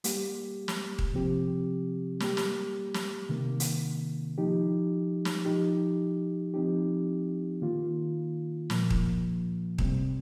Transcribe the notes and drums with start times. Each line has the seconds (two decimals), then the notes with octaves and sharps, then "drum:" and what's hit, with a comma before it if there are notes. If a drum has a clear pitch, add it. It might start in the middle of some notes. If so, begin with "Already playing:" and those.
0.04 G3 A#3 G4, drum: hi-hat
0.68 drum: snare
0.99 drum: kick D#1
1.13 C3 F3 C4 G4
2.20 G3 A#3 G4, drum: snare
2.37 drum: snare
2.94 drum: snare
3.29 C3 D#3 A#3
3.60 drum: hi-hat
4.38 F3 D#4 G4
5.25 drum: snare
5.45 F3 D#4 G4
6.54 F3 C4 D#4 G4
7.62 D#3 A#3 F4
8.70 A#2 F3 A#3, drum: snare
8.90 drum: kick D#1
9.78 C3 G3 C4, drum: kick D#1